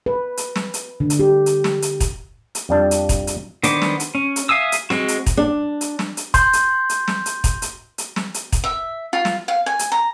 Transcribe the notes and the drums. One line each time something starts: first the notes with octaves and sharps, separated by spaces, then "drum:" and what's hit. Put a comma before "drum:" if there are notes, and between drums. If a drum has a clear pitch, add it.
B4
drum: hi-hat
drum: snare
drum: hi-hat
D3
drum: hi-hat
G4
drum: hi-hat
drum: snare
drum: hi-hat
drum: kick, hi-hat
drum: hi-hat
F2 G3 D4 A5
drum: hi-hat
drum: kick, hi-hat
drum: hi-hat
D#3 B3 D4 C5 D6, drum: hi-hat
drum: snare
drum: hi-hat
C#4
drum: hi-hat
E5 F5 G#5 D#6 E6
drum: hi-hat
G#3 C4 F#4, drum: snare
drum: hi-hat
drum: kick, hi-hat
D4
drum: hi-hat
drum: snare
drum: hi-hat
C6 G6, drum: kick, hi-hat
drum: hi-hat
drum: hi-hat
drum: snare
drum: hi-hat
drum: kick, hi-hat
drum: hi-hat
drum: hi-hat
drum: snare
drum: hi-hat
drum: kick, hi-hat
E5
F4
drum: snare
F5
G#5
drum: hi-hat
A#5